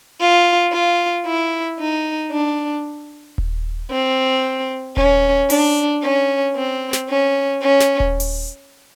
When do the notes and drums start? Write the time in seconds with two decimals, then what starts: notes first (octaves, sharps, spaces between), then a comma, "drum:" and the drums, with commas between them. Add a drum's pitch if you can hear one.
0.20 F4
0.73 F4
1.26 E4
1.79 D#4
2.32 D4
3.38 drum: kick D#1
3.91 C4
4.97 C#4, drum: kick D#1
5.50 D4, drum: open hi-hat
6.03 C#4
6.56 C4
6.93 drum: snare
7.09 C#4
7.62 C#4
7.80 drum: snare
8.00 drum: kick D#1
8.20 drum: open hi-hat